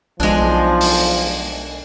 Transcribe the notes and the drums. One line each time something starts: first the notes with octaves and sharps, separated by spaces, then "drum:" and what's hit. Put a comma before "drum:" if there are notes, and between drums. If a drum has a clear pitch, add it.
B1 F3 G#3 D4
drum: open hi-hat